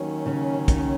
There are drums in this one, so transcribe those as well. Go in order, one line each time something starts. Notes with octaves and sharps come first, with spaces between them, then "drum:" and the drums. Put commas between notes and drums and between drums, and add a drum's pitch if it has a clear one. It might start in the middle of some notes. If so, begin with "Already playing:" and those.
Already playing: D#2 D#3 F#3 C#4
C#3
C#3, drum: kick, hi-hat